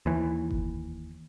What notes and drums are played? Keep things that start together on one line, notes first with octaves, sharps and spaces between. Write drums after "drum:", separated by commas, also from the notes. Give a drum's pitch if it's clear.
D#2 E3
drum: kick F#1